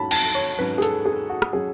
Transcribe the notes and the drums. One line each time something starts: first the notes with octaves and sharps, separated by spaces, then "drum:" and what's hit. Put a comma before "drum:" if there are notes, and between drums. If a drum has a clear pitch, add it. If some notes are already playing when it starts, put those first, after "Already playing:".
Already playing: G#2 F#3 C#4 A5 B5
A5, drum: cymbal
C#5
G#2 F#3 C#4 B4
G#4
A4, drum: hi-hat
G#4
F#4
drum: rim click
F#3 C#4 G#4